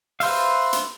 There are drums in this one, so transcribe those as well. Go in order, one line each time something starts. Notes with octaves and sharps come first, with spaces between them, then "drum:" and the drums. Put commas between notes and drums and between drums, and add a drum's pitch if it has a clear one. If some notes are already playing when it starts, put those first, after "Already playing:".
B4 C5 E5 F5, drum: open hi-hat
drum: hi-hat